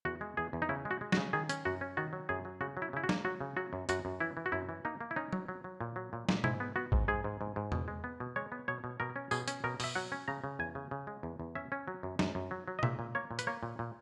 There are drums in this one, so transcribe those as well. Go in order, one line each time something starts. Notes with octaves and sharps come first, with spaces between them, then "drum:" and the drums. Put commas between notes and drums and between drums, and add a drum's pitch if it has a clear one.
E2 F#4
G#3
E2 G#4
E2
D#4
C#3 E4
G#3
F#4
G#3
F#4, drum: snare
C#3
D#3 G#4
C#4, drum: hi-hat
F#2 F#4
C#4
D#3 F#4
F#3
F#2 G#4
F#3
C#3 F#4
F#3
E4
C#3 E4
F#4
A#3, drum: snare
F#3 F#4
C#3
F#3 F#4
F#2
F#2 F#4, drum: hi-hat
F#2
E3 E4
E3
F#4
F#2 E4
E3
A#3 D#4
A#3
E4
C#4 D#4
F#3, drum: tom F#3
F#3
F#3
A#2
F#3
A#2
A#2, drum: snare
G#2 E4, drum: tom
B3
B3 F#4
G#2, drum: kick
G#2 G#4
G#2
G#2
G#2
B2, drum: tom E2
G#3
B3
B2
G#3 C#5
B3
B2 C#5
B2
B2 A#4
C#4
B2 G#4, drum: tambourine
C#4, drum: hi-hat
B2 A#4
B2 E5, drum: open hi-hat
F#3 F#5
C#4
C#3 A#5
C#3
E2 G#5
C#3
C#3
G#3
E2
E2
C#4 E5
C#4
F#3
F#2
F#2, drum: snare
F#2
F#3
F#3
D#5
A#2 E5, drum: tom
A#2
A#3 C#5
A#2
B4, drum: hi-hat
A#3 C#5
A#2
A#2